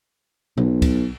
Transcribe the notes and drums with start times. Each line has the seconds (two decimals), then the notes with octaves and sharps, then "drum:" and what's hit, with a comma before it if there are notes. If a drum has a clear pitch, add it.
0.58 B1, drum: tom B2
0.82 drum: kick C#2, cymbal